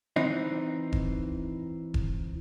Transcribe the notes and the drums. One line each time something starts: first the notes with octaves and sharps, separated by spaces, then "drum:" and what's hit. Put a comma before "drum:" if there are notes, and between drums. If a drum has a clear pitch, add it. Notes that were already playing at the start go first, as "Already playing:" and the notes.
E3 C4 D#4
drum: kick E1
drum: kick E1